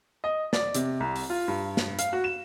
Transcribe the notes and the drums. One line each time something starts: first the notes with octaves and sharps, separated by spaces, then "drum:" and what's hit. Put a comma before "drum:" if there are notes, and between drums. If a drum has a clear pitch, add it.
D#5
D5, drum: snare
C3, drum: hi-hat
C2
drum: open hi-hat
F4
G2
drum: snare
F5, drum: hi-hat
F#4
E7